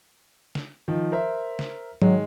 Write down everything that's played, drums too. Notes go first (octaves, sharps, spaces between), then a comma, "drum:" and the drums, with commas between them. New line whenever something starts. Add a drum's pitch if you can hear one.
drum: snare
D#3 F3
A#4 C5 E5
drum: snare
D#3 F#3 G#3, drum: tom G#2